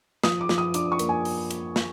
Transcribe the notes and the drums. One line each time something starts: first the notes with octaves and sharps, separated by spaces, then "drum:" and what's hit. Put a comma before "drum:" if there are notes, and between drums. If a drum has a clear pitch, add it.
F3 D#6, drum: snare
D6
F3, drum: snare
D#6
D4 D6, drum: hi-hat
C#6
A#3, drum: hi-hat
G#5
drum: open hi-hat
drum: hi-hat
drum: snare